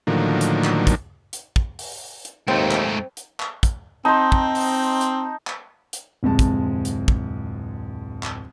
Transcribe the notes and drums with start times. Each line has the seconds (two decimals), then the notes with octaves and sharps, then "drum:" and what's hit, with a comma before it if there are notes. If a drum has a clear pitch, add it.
0.07 A2 D3 D#3 F3 F#3 A#3
0.41 drum: hi-hat
0.64 drum: clap
0.87 drum: kick, hi-hat
1.33 drum: hi-hat
1.56 drum: kick
1.79 drum: open hi-hat
2.25 drum: hi-hat
2.48 D#2 G#2 A3 C4
2.71 drum: clap
3.17 drum: hi-hat
3.40 drum: clap
3.63 drum: kick, hi-hat
4.05 C4 D#4 C5 A5
4.32 drum: kick
4.55 drum: open hi-hat
5.01 drum: hi-hat
5.47 drum: clap
5.93 drum: hi-hat
6.23 D1 F2 C3 G#3 A5
6.39 drum: kick, hi-hat
6.85 drum: hi-hat
7.08 drum: kick
8.23 drum: clap